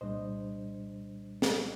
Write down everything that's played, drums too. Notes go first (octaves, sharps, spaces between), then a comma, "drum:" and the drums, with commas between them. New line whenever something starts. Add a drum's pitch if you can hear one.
C2 A#2 G3 D4 C5 D#5
drum: snare